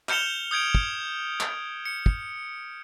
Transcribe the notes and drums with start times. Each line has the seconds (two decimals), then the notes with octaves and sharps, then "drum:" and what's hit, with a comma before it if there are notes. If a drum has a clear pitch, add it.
0.09 F6 G6 C#7 E7 F7 G7, drum: clap
0.51 D#6 G6 G#6 D7
0.75 drum: kick
1.40 drum: clap
1.85 C#7
2.06 drum: kick